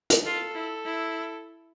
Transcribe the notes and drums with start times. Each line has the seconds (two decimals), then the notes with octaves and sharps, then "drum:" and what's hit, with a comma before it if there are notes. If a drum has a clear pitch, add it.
0.10 drum: hi-hat
0.25 F4 A4
0.55 E4
0.86 E4